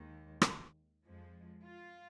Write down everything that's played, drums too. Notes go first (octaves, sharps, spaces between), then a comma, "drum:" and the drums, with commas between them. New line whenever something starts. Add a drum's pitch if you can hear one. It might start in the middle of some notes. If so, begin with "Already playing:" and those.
Already playing: D#2 D#3 G#3
drum: rim click
F2 F3 G#3
F4